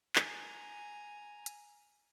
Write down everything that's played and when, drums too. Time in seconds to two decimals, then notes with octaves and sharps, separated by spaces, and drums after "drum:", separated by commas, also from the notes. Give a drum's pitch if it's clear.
0.16 G#5 A#5, drum: clap
1.46 drum: hi-hat